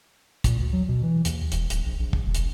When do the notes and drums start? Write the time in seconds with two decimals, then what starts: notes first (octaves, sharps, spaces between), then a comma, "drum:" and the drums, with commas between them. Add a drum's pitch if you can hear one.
0.44 A#2, drum: kick, hi-hat
0.59 D2
0.73 F#3
0.88 B2
1.03 E3
1.25 D#2, drum: hi-hat
1.52 E1, drum: hi-hat
1.70 D1, drum: hi-hat
1.86 A#1
2.00 A#1
2.13 drum: kick
2.25 E1
2.35 drum: hi-hat